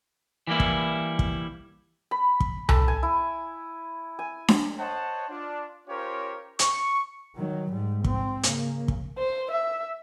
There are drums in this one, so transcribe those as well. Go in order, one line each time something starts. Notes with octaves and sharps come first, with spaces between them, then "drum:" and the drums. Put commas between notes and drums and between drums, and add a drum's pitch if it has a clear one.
E3 G3 A#3 E4
drum: kick
drum: kick
B5
drum: kick
A4, drum: tom C2
G#5
E4
G#5
drum: snare D4
C5 C#5 D#5 F#5 A5
D4 F4
C#4 F4 G4 A#4 C5 C#5
C#6, drum: hi-hat
D#3 F#3
G#2 G3
C4, drum: kick
C#3 A#3, drum: hi-hat
drum: kick
C5
E5